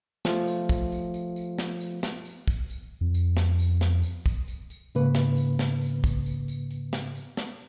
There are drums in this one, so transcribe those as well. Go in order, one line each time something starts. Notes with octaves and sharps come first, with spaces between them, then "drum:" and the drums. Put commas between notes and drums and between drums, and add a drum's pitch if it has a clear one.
F3 A3 F4, drum: snare
drum: tambourine
drum: kick, tambourine
drum: tambourine
drum: tambourine
drum: tambourine
drum: snare
drum: tambourine
drum: snare
drum: tambourine
drum: kick, tambourine
drum: tambourine
F2
drum: tambourine
drum: snare
drum: tambourine
drum: snare
drum: tambourine
drum: kick, tambourine
drum: tambourine
drum: tambourine
G#2 C#3 A#3 B4, drum: tambourine
drum: snare
drum: tambourine
drum: snare
drum: tambourine
drum: kick, tambourine
drum: tambourine
drum: tambourine
drum: tambourine
drum: snare
drum: tambourine
drum: snare